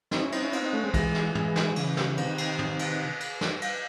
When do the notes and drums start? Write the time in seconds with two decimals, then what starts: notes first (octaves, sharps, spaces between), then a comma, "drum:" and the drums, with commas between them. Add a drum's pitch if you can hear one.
0.11 C4 D#4, drum: snare
0.21 C#4 E4
0.32 C4 D#4, drum: cymbal
0.42 C#4 E4
0.53 C4 D#4, drum: cymbal
0.63 C4 D#4
0.73 A3 C#4
0.83 G#3 C4
0.94 E3 G#3, drum: kick, cymbal
1.14 drum: snare
1.35 E3 G#3, drum: tom
1.56 drum: snare
1.71 F#3
1.76 C#3 E3, drum: cymbal
1.97 drum: snare
2.12 E3
2.17 C3 D#3, drum: cymbal
2.38 drum: cymbal
2.59 drum: tom
2.79 drum: cymbal
3.20 drum: cymbal
3.41 drum: snare
3.62 drum: cymbal